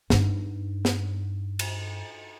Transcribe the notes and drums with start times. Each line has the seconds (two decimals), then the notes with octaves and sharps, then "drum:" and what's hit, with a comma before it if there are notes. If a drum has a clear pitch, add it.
0.10 G2 D#4, drum: snare
0.85 drum: snare
1.59 drum: cymbal